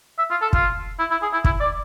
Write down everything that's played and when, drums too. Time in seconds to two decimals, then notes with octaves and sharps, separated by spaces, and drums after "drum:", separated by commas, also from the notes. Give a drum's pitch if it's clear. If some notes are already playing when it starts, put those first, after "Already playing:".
0.18 E5
0.30 F4
0.42 A4
0.53 F4, drum: kick
0.99 E4
1.11 E4
1.22 G#4
1.33 E4
1.44 E4, drum: kick
1.61 D5